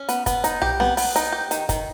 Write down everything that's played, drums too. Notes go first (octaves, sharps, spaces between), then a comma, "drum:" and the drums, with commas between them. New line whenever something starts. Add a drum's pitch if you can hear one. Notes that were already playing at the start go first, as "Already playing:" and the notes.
Already playing: C#4
B3, drum: hi-hat
B3, drum: kick, hi-hat
D#4, drum: hi-hat
G4, drum: tom B1
B3, drum: snare C4
B3, drum: open hi-hat
D#4, drum: hi-hat
G4
D#3, drum: hi-hat
D#3, drum: kick, hi-hat